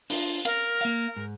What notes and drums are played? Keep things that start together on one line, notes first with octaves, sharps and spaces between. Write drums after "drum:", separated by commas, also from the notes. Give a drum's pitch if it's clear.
D4 F4, drum: open hi-hat
A#4 F5, drum: hi-hat
A#3 F5
G#2